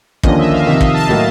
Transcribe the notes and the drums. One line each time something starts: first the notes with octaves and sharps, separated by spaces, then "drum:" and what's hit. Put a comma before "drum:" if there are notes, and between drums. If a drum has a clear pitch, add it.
D#2 D3 F3 A#3 C#4 D#5, drum: kick
E5
F5
F2 C3 D#3 E5
D#5, drum: kick
A5
A2 F#3 A#3